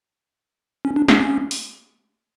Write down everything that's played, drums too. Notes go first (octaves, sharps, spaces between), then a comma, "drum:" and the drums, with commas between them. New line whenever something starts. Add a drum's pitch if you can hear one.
C#4
D4
D4, drum: snare
C#4
drum: open hi-hat